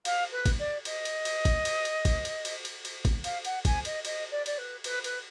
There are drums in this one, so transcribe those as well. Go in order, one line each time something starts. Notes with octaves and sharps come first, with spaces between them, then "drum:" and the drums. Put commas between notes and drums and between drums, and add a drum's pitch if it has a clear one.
F5, drum: cymbal
B4
drum: kick, cymbal
D5
D#5, drum: cymbal
drum: cymbal
drum: cymbal
drum: kick, cymbal
drum: cymbal
drum: cymbal
drum: kick, cymbal
drum: cymbal
drum: cymbal
drum: cymbal
drum: cymbal
drum: kick, cymbal
F5, drum: cymbal
F#5, drum: cymbal
G#5, drum: kick, cymbal
D#5, drum: cymbal
D#5, drum: cymbal
D5
D5, drum: cymbal
B4
B4, drum: cymbal
B4, drum: cymbal